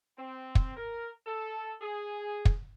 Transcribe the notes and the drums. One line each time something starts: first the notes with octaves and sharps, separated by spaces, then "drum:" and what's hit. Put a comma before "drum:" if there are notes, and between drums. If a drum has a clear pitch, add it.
C4
drum: kick
A#4
A4
G#4
drum: kick